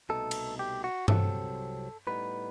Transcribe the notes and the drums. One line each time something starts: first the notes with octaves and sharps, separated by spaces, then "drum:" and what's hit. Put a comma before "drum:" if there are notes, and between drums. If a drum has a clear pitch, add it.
C2 B2 A3 D#4 A4
drum: cymbal
G4
F#4
C2 C3 D#3 F#3 C4 A4, drum: tom G2
A2 G3 B3 D#4 B4